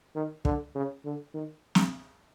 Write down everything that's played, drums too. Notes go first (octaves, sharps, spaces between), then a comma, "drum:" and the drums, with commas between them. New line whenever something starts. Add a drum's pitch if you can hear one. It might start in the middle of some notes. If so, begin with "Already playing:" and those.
D#3
D3, drum: kick
C#3
D3
D#3
drum: snare